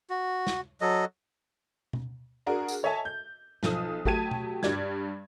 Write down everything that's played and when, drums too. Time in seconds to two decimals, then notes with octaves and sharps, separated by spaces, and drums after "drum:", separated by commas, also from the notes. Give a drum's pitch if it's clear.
0.10 F#4
0.47 drum: snare
0.81 F#3 A4 D#5
1.93 drum: tom B2
2.46 D4 F#4 G#4 A#4
2.68 drum: tambourine
2.83 A4 C#5 D#5 E5 G#5 A5
3.05 G6
3.63 B1 F3 A4 D#6, drum: snare
4.05 F#3 A3 G4 A5 G#6 D#7, drum: kick G#1
4.31 drum: tom B2
4.63 G2 G3 D5 G#6, drum: snare